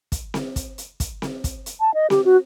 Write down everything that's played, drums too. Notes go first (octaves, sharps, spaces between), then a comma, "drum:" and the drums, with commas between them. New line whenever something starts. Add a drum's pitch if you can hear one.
drum: kick, hi-hat
drum: snare C4
drum: kick, hi-hat
drum: hi-hat
drum: kick, hi-hat
drum: snare C4
drum: kick, hi-hat
drum: hi-hat
A5
D#5
G4, drum: snare C4
F#4